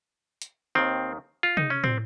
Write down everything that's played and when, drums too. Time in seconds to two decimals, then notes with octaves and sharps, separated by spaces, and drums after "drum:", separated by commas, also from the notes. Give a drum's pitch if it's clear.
0.42 drum: hi-hat
0.75 D#2 D#3 C4
1.43 F4
1.57 D#4, drum: tom C3
1.70 C#4
1.84 C4, drum: tom